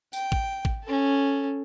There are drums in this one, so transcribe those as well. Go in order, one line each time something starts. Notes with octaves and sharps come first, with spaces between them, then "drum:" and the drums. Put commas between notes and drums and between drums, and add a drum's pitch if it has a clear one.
G5, drum: tambourine
drum: kick
drum: kick
C#4 A4